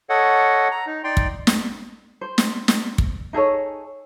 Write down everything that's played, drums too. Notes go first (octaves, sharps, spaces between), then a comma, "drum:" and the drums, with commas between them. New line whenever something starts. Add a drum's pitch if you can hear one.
A4 C#5 D#5 F#5
A#5
D#4
D#4 D5 G5 C6
drum: kick
drum: snare
C5
drum: snare
drum: snare
drum: kick
D#4 G#4 A4 C#5